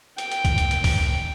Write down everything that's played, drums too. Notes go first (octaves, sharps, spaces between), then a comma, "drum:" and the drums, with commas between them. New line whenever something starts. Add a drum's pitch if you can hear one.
G5, drum: hi-hat
drum: hi-hat
drum: kick, hi-hat
drum: hi-hat
drum: hi-hat
drum: kick, open hi-hat